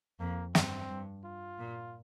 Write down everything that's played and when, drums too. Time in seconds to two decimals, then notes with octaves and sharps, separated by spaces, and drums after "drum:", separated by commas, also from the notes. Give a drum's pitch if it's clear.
0.20 F2 A#3
0.55 G2 C4, drum: snare
0.89 G2
1.24 F4
1.59 A#2